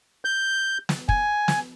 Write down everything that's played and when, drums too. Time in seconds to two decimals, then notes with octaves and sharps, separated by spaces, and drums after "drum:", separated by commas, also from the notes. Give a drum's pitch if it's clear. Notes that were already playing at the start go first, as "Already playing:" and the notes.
0.25 G6
0.89 drum: snare
1.09 G#5, drum: kick
1.48 drum: snare